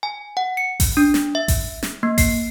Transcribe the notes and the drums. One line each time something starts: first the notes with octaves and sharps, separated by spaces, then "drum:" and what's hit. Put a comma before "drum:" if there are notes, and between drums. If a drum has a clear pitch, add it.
G#5
F#5
C#7
drum: kick A1, open hi-hat
D4
drum: snare
E5
drum: kick A1, open hi-hat
drum: snare
A#3
C7, drum: kick A1, open hi-hat